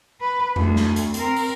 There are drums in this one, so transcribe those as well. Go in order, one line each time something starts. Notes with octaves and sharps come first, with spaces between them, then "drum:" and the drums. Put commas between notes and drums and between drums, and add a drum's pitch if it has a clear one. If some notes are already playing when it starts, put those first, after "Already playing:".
B4
D2, drum: tom F2
drum: snare
drum: hi-hat
C4 A#4, drum: hi-hat
drum: open hi-hat